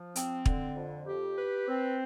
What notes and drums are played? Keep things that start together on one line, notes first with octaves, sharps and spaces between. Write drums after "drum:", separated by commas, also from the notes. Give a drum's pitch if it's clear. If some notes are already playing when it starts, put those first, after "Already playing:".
Already playing: F3
C4, drum: hi-hat
D3, drum: kick
F2
G4
B4
C4